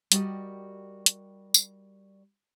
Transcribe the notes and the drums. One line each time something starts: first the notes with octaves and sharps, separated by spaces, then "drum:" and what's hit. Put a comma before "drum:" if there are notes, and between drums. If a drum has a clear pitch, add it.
G3 F#4 G4 A#4 D5 D#5, drum: hi-hat
drum: hi-hat
drum: tambourine